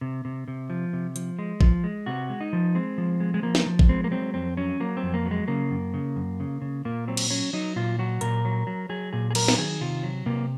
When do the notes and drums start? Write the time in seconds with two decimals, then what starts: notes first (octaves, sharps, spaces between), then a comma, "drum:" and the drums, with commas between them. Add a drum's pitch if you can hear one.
0.01 C3
0.25 C3
0.48 C3
0.70 F3
0.93 C3
1.16 F3, drum: hi-hat
1.39 G#3
1.61 F3, drum: kick A1
1.84 G#3
2.06 C3 F#4
2.30 G#3
2.41 D#4
2.53 F3
2.75 G#3 C4
2.98 F3
3.20 G#3
3.34 G#3
3.43 F3 A#3
3.55 drum: snare
3.66 F3
3.79 drum: kick A1
3.89 G#3 C4
4.04 A#3
4.11 F#3 C4
4.34 F2 C4
4.57 F#3 C#4
4.80 F#3 A#3
4.97 C4
5.03 F2
5.14 A#3
5.26 F#3
5.31 G#3
5.48 C#3 A#3
5.71 F#2
5.94 C#3
6.16 F#2
6.40 C#3
6.62 C#3
6.85 A#2 A#3
7.08 F#3 C4
7.17 drum: cymbal
7.30 F#3 C#4
7.53 F#3 D#4
7.76 A#2 F4
7.99 F#3 F#4
8.21 A#2 A#4, drum: hi-hat
8.45 F#3
8.67 F#3
8.89 F#3 G#4
9.13 A#2 G#4
9.31 G#4
9.35 F#3 A#4, drum: cymbal
9.48 drum: snare
9.58 D#3 G#4
9.81 C3 F4
10.03 F#3
10.26 C3 A#3